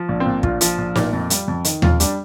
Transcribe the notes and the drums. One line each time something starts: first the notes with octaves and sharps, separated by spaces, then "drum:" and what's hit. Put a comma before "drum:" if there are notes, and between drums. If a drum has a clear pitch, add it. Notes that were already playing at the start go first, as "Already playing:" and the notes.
Already playing: F3
A#1
C4
A#2
A#1 F4, drum: kick
F3, drum: hi-hat
A#1
A#2, drum: snare
F2
G3, drum: hi-hat
F2
D#3, drum: hi-hat
F2 F4, drum: tom D#2
G3 D4, drum: hi-hat